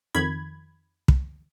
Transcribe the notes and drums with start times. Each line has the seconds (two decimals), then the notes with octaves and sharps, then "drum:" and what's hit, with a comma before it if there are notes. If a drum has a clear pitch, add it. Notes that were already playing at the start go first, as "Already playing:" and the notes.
0.15 F2 D#3 B5 G#6
1.08 drum: kick